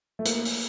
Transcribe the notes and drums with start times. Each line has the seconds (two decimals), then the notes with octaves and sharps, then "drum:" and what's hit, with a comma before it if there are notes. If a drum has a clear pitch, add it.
0.19 A3
0.25 A#3, drum: hi-hat
0.45 drum: open hi-hat